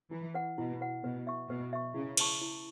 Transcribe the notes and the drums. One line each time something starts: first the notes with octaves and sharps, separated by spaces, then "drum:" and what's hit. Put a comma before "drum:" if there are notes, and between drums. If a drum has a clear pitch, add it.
E3 E4
B4 F#5
B2 E4
B4 F#5
B2 B4
E5 C#6
B2 B4
E5 C#6
C#3 E4
B4 A5 C#6, drum: cymbal
E4